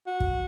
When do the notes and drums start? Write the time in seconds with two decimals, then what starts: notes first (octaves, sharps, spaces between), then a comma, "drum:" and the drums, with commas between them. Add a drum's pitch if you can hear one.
0.07 F#4
0.20 drum: kick